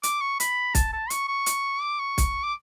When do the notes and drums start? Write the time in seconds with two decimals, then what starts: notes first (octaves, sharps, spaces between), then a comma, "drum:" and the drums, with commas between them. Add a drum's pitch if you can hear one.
0.03 D6, drum: hi-hat
0.21 C#6
0.40 B5, drum: hi-hat
0.75 A5, drum: kick, hi-hat
0.93 A5
1.10 C#6, drum: hi-hat
1.28 C#6
1.46 drum: hi-hat
1.82 D6
1.99 C#6
2.18 drum: kick, hi-hat
2.44 D6